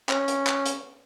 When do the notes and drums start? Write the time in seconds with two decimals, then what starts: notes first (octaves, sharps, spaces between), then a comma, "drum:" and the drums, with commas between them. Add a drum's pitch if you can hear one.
0.09 C#4, drum: clap
0.28 drum: hi-hat
0.47 drum: clap
0.66 drum: hi-hat